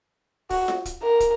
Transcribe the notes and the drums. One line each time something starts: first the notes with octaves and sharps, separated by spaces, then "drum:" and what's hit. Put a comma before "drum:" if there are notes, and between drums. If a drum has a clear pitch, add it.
F#4, drum: kick, open hi-hat
drum: snare F4
drum: kick, hi-hat
A#4
drum: kick, hi-hat